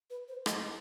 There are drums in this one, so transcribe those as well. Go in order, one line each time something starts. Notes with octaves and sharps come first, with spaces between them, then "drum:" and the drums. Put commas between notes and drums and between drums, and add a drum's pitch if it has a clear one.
B4
C5
D#5, drum: rim click